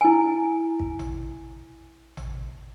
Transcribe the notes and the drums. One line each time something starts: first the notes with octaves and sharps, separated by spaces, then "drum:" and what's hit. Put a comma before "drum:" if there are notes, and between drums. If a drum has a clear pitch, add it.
E4 G#5
drum: kick
drum: tom A1
drum: tom A1